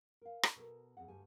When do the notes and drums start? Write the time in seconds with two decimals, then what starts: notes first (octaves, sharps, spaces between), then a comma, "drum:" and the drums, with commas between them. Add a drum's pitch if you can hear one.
0.22 A#4 F5
0.43 drum: rim click
0.56 B2 A4 A#4
0.97 F2 C4 G#4 F#5
1.08 D2 G2 A3 G4 G#5